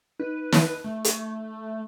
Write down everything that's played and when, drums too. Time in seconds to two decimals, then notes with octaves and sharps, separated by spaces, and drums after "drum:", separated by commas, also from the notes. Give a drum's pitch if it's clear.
0.20 D#4 B4
0.52 drum: snare
0.84 A3
1.04 drum: hi-hat